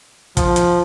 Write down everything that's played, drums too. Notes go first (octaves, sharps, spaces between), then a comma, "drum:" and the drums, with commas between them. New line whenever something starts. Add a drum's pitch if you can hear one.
F3, drum: kick, hi-hat
drum: hi-hat